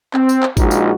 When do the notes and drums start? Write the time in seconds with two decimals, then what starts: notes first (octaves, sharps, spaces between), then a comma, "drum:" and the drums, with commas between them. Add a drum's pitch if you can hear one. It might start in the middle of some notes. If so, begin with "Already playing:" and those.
0.14 C4, drum: clap
0.29 drum: tambourine
0.43 drum: clap
0.57 A#1 G#3 D#4 F4 F#4, drum: kick G#1, tambourine
0.71 drum: tambourine